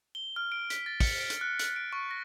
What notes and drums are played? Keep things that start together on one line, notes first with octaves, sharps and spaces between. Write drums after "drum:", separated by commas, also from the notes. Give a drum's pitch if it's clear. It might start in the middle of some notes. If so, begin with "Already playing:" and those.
G7
F6
D7
B6, drum: hi-hat
A6
C#7, drum: kick, open hi-hat
D7
drum: hi-hat
F#6
F#6, drum: hi-hat
D7
C#6
A#6